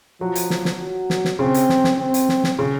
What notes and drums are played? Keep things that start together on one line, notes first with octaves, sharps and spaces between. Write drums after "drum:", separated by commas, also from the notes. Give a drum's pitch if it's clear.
F3 F#3
drum: hi-hat
drum: snare
drum: snare
F#3
drum: snare
drum: snare
C#3 C4
drum: hi-hat
drum: snare
drum: snare
C4
drum: hi-hat
drum: snare
drum: snare
C#3